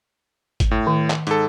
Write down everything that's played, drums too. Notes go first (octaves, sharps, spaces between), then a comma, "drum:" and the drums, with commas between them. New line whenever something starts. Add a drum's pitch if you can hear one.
drum: kick G#1, hi-hat
A2
D#3
drum: clap
G#2 A4, drum: hi-hat